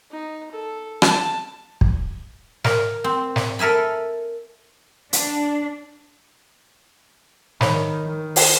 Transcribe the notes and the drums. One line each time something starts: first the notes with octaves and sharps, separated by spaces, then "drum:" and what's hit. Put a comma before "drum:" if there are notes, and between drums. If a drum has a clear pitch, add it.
D#4
A4
A5, drum: rim click
drum: kick
A#4, drum: snare
C4
drum: snare
A4 A#4 E5 G#5 B5
D4, drum: hi-hat
D#3 C#5 B5, drum: snare
D#3
drum: open hi-hat